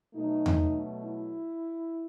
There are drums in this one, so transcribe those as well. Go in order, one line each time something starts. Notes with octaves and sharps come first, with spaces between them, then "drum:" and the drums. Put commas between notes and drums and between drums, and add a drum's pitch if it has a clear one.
B2 F#3 A3 D#4
drum: tom E2
E4